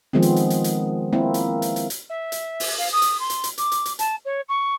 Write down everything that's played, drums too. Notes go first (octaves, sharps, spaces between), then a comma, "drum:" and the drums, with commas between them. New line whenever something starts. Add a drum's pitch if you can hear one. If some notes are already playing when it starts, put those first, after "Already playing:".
D#3 F3 G#3 B3 C4
drum: hi-hat
drum: hi-hat
drum: hi-hat
drum: hi-hat
A#3 C4 E4
drum: hi-hat
drum: hi-hat
drum: hi-hat
drum: hi-hat
E5
drum: hi-hat
drum: open hi-hat
F5
D#6
drum: hi-hat
C6
drum: hi-hat
drum: hi-hat
D6, drum: hi-hat
drum: hi-hat
drum: hi-hat
A5, drum: hi-hat
C#5
C#6